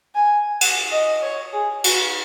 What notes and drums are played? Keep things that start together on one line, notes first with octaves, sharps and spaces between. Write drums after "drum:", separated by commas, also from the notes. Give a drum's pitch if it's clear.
G#5
F#5, drum: cymbal
D#5
C#5
G#4
F#4, drum: cymbal